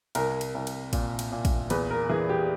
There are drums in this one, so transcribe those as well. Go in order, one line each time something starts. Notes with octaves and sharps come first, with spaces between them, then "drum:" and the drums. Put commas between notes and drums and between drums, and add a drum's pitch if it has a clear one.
C2 A#4, drum: cymbal
drum: cymbal
C2
drum: cymbal
A#2, drum: kick, cymbal
drum: cymbal
A#2
drum: kick, cymbal
E2 B4, drum: cymbal
A#4
E3 G#4
G4